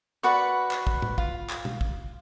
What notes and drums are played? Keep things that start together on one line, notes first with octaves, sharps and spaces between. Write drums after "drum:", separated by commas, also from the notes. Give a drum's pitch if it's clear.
F#4 B4 D5 C#6
drum: clap
drum: kick
drum: tom
F4, drum: kick
drum: clap
drum: tom
drum: kick